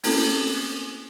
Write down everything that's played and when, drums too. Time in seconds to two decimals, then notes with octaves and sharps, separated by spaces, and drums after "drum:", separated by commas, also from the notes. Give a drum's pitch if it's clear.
0.04 A3 A#3 C4 C#4 E4 A4, drum: open hi-hat